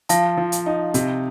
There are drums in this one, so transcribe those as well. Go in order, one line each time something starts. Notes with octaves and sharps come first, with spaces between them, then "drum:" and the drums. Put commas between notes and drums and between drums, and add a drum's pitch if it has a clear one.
F3 F5 A5, drum: hi-hat
F3
drum: hi-hat
D#4
C3, drum: hi-hat